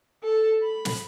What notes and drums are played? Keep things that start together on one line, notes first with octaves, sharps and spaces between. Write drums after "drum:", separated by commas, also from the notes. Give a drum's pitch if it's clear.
A4
B5
drum: snare